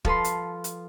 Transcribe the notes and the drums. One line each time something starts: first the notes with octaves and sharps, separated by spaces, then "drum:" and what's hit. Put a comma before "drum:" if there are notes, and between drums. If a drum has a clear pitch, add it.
F3 A4 B4 C6, drum: kick
drum: hi-hat
drum: hi-hat